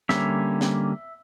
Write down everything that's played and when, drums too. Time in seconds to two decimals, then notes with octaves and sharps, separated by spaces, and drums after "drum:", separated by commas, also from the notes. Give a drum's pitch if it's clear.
0.09 D3 G3 A#3 C#4 E5, drum: snare
0.61 drum: snare